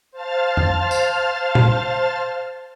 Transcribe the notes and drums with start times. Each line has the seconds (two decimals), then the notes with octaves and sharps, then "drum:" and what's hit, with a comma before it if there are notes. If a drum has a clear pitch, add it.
0.11 C5 F5 A5 F6 A6
0.57 drum: tom F2
0.91 drum: tambourine
1.55 drum: tom A#2